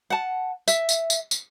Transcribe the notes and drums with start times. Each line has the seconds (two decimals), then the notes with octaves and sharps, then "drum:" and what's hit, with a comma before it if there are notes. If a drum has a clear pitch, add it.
0.10 F#5 A5
0.68 E5, drum: tambourine
0.89 drum: tambourine
1.10 drum: tambourine
1.31 drum: tambourine